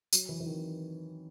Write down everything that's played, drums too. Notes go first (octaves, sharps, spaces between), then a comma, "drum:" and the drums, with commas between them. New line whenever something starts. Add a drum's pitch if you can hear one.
F#3, drum: tambourine
E3
E3
D#3